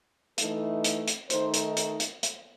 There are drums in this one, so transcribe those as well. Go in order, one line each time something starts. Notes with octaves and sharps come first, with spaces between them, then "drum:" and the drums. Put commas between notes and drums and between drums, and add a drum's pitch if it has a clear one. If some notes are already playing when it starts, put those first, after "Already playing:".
E3 A3 D#4 A4, drum: hi-hat
drum: hi-hat
drum: hi-hat
D#3 A3 D#4 C5, drum: hi-hat
drum: hi-hat
drum: hi-hat
drum: hi-hat
drum: hi-hat